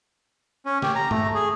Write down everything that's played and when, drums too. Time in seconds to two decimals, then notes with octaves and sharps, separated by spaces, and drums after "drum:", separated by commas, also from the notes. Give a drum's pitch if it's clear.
0.66 C#4
0.82 G4, drum: snare
0.96 A#5
1.11 A3, drum: tom G2
1.34 G#4